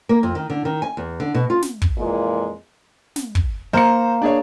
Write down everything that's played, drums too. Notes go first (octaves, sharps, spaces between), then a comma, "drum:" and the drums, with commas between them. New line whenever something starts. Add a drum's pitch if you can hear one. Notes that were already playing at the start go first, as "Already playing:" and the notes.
A#3
F2
D#3
D3
D#3
G#5
E2
D3
B2
F4
drum: snare
drum: kick
F2 A#2 E3 G#3
drum: snare
drum: kick
A#3 C5 A#5 C#7
D4 G#4 C#5